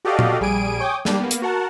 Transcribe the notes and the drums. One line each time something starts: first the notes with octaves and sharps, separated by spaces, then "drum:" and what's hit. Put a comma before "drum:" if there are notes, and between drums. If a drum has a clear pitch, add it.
F#4 G4 A4 D5 D#5 F5
drum: tom A#2
A#1 G3 G#4 G#5 D7 D#7
C#5 G5 G#5 D6 D#6
G3 A#3 D4 G4, drum: snare
A#3 B3
drum: hi-hat
F#4 A#4 F#5 A5